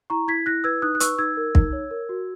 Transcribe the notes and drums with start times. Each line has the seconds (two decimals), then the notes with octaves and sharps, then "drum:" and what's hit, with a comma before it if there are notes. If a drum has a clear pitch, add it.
0.10 E4 A#5 C#6
0.28 E4 G#6 B6
0.46 E4 F#6 A#6
0.64 B4 E6 G#6
0.82 D#4 D#6 F#6
0.95 F#6
1.00 B4 C#6 E6, drum: hi-hat
1.19 D#4 E6 G#6
1.37 A#4
1.55 D#4, drum: kick
1.73 C#5
1.91 A#4
2.09 F#4